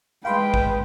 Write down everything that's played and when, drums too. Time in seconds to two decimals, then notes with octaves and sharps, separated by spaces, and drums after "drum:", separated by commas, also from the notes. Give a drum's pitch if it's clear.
0.25 G#3 B4 F5 G5 B5 C6
0.54 drum: kick A1